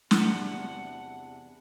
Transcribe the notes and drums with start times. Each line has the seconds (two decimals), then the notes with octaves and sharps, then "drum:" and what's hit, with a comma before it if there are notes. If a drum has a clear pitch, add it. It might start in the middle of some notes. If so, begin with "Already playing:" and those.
0.11 E2 C3 E3 D4 F#4 B4 F#5, drum: snare